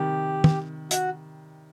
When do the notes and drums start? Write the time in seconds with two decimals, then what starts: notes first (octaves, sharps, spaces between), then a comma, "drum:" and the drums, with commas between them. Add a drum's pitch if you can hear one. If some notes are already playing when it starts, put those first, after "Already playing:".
Already playing: C3 D#3 G3 G4
0.44 drum: tom
0.91 F#4, drum: hi-hat